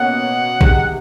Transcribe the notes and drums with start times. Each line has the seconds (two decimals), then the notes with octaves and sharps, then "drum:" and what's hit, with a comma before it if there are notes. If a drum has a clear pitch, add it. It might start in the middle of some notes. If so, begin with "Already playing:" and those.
Already playing: B2 A#3 C#4 F#4 F#5
0.61 C3 D#3 G#3, drum: kick A#1